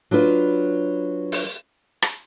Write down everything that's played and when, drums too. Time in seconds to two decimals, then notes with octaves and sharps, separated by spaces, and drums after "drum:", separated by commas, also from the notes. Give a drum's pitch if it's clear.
0.11 F#3 D4 F4 B4
1.32 drum: open hi-hat
2.02 drum: rim click